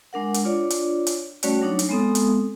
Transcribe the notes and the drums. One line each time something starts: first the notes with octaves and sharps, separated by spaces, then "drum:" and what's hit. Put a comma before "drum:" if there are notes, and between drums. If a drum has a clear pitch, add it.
G#3 D4 A#4 F#5
drum: hi-hat
D4 F4 C#5 D5
drum: hi-hat
drum: hi-hat
G3 A3 C#4 F#4 C#5 D5, drum: hi-hat
F#3 D4 D#4 C#5
drum: hi-hat
G#3 B3 C4 A4 D#6
drum: hi-hat